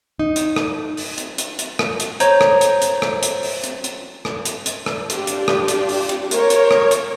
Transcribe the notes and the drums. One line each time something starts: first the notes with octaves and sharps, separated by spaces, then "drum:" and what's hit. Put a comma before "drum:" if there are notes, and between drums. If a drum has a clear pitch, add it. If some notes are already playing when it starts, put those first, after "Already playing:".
D#4
drum: hi-hat
drum: rim click
drum: open hi-hat
drum: hi-hat
drum: hi-hat
drum: hi-hat
drum: rim click
drum: hi-hat
C5 C#5 A#5 G6, drum: hi-hat
drum: rim click
drum: hi-hat
drum: hi-hat
drum: rim click
drum: hi-hat
drum: open hi-hat
drum: hi-hat
drum: hi-hat
drum: rim click
drum: hi-hat
drum: hi-hat
drum: rim click
D4 F4 G4, drum: hi-hat
drum: hi-hat
drum: rim click
drum: hi-hat
drum: open hi-hat
drum: hi-hat
A#4 C#5, drum: hi-hat
drum: hi-hat
drum: rim click
drum: hi-hat